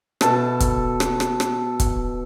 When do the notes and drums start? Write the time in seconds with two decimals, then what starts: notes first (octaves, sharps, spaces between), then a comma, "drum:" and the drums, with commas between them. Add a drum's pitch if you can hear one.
0.21 B2 A4 A5, drum: rim click
0.60 drum: kick, hi-hat
1.00 drum: rim click
1.20 drum: rim click
1.40 drum: rim click
1.80 drum: kick, hi-hat